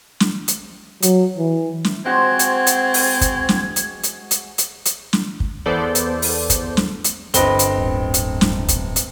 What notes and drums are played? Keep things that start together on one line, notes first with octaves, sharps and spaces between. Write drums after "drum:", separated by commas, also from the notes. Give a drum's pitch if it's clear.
drum: snare
drum: hi-hat
F#3, drum: hi-hat
E3
drum: snare
G#3 C4 F#4 C5 G#6
drum: hi-hat
drum: hi-hat
drum: open hi-hat
drum: kick, hi-hat
drum: snare
drum: hi-hat
drum: hi-hat
drum: hi-hat
drum: hi-hat
drum: hi-hat
drum: snare
drum: kick
E2 B3 A4 C5 D5 G6
drum: hi-hat
drum: open hi-hat
drum: kick, hi-hat
drum: snare
drum: hi-hat
G1 C4 B4 D#5 G7, drum: hi-hat
drum: hi-hat
D1
drum: hi-hat
drum: snare
drum: kick, hi-hat
drum: hi-hat